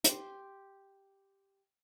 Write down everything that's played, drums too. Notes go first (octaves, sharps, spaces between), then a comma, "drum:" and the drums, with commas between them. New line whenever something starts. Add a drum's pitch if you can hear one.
G4 C6, drum: hi-hat